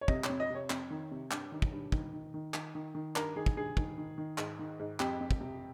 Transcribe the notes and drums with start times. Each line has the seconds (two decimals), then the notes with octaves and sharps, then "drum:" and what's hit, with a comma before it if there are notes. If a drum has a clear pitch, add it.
0.01 C#5
0.08 C3 D#5, drum: kick
0.24 C#5, drum: clap
0.29 F2
0.40 D#5
0.50 C3 C#5
0.70 F2, drum: clap
0.90 D#3
1.11 C3
1.31 G2, drum: clap
1.52 D#3
1.62 drum: kick
1.72 G2
1.92 D#3, drum: kick
2.13 D#3
2.34 D#3
2.54 D#3, drum: clap
2.75 D#3
2.95 D#3
3.16 G2 A#4, drum: clap
3.36 D#3 G#4
3.46 drum: kick
3.57 G2 G#4
3.77 D#3, drum: kick
3.98 D#3
4.18 D#3
4.38 G#2, drum: clap
4.59 D#3
4.80 G#2
5.00 F2 G4, drum: clap
5.20 F2
5.31 drum: kick
5.41 C3